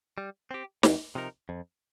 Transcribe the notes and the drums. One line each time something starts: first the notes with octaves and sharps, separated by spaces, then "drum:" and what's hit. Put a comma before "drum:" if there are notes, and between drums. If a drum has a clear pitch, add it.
G3
C4 G4
F2, drum: snare
C3 F3 D#4 A#4
F2